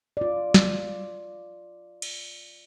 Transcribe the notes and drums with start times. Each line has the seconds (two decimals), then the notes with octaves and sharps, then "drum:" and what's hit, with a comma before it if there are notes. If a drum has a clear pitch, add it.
0.17 F4 D5
0.54 drum: snare
2.02 drum: cymbal